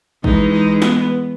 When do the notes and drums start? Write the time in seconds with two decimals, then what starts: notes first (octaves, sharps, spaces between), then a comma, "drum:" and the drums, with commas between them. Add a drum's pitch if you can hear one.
0.24 E3 G#3 D#4, drum: kick A1
0.52 D#4
0.82 B3, drum: snare